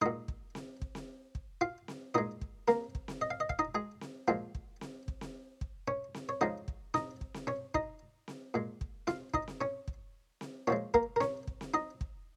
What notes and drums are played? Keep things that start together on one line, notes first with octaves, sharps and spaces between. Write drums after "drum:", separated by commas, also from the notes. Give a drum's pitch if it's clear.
A#2 G#3 D#4 D#5
drum: kick
drum: snare C4
drum: kick
drum: snare C4
drum: kick
F4 F5
drum: snare C4
A#2 G#3 D#4 D#5
drum: kick
A#3 A#4, drum: snare C4
drum: kick
drum: snare C4
D#5
F5
D#5
F5, drum: kick
D#4 D#5
G#3 G#4
drum: snare C4
A#2 F3 G#3 F4
drum: kick
drum: snare C4
drum: kick
drum: snare C4
drum: kick
C#4 C#5
drum: snare C4
C#5
C#3 F3 G#3 D#4 D#5
drum: kick
D#4 D#5, drum: snare C4
drum: kick
drum: snare C4
C#4 C#5
D#4 D#5, drum: kick
drum: snare C4
A#2 G#3
drum: kick
F4 F5, drum: snare C4
D#4 D#5, drum: kick
drum: snare C4
C#4 C#5
drum: kick
drum: snare C4
A#2 F3 G#3 C#4 C#5
A#3 A#4, drum: kick
A#4
C#4 C#5, drum: snare C4
drum: kick
drum: snare C4
D#4 D#5
drum: kick